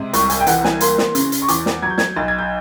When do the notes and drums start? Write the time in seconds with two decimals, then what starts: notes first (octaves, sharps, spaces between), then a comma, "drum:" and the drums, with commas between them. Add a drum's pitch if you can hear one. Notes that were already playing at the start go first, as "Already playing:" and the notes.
Already playing: C3 G#3
0.13 C2 C#6, drum: hi-hat
0.30 G#5, drum: hi-hat
0.40 G5
0.47 E3 F#5, drum: hi-hat
0.64 G#5, drum: snare
0.80 A#3 C6, drum: hi-hat
0.98 drum: snare
1.15 C#3, drum: hi-hat
1.32 drum: hi-hat
1.42 C#6
1.48 E2 D6, drum: hi-hat
1.66 drum: snare
1.82 F#3 G#6
1.90 G6
1.98 G#6, drum: snare
2.16 B1 A6
2.28 G#6
2.39 G6